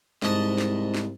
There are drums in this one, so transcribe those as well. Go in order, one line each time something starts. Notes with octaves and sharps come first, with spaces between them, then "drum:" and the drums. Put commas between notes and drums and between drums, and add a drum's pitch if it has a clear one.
C2 G#2 D#5 A5, drum: snare
drum: snare
drum: snare